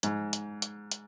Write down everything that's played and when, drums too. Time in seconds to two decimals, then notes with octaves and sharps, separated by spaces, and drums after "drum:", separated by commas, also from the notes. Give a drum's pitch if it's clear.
0.03 G#2, drum: hi-hat
0.33 drum: hi-hat
0.62 drum: hi-hat
0.91 drum: hi-hat